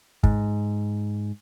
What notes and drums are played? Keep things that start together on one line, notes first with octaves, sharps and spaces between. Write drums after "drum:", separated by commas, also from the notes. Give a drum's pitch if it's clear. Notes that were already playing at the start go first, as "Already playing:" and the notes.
G#2, drum: kick